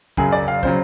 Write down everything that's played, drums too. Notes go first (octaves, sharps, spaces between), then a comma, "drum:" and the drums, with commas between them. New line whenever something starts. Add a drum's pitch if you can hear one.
F#2 C#3 F#3 G#4, drum: kick
D5
F5
C#3 F#3 C5, drum: kick